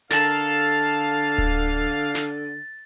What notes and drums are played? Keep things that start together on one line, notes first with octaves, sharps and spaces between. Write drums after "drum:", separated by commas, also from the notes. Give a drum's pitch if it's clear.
D3 A4 A#4 F5 A6, drum: snare
drum: kick D1
drum: snare